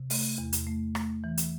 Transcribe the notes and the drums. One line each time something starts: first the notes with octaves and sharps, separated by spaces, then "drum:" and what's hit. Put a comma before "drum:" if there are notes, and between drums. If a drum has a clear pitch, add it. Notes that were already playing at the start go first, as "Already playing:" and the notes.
Already playing: C3
A3, drum: open hi-hat
E2
drum: hi-hat
A3
A3, drum: rim click
E3
drum: hi-hat